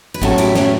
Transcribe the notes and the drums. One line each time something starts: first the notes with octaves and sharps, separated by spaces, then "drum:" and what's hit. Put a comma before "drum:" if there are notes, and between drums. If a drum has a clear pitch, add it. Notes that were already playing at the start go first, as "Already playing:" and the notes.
B4
A2 F#3 A3 C#4 F#4 A4, drum: kick G#1
E4 G4, drum: hi-hat
C#4 E4, drum: snare